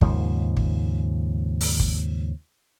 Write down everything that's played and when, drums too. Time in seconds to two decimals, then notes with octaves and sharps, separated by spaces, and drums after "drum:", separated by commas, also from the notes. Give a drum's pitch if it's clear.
0.01 D#2 G#2 C#3 F3, drum: kick G#1
0.57 drum: kick G#1
1.61 drum: open hi-hat
1.79 drum: kick G#1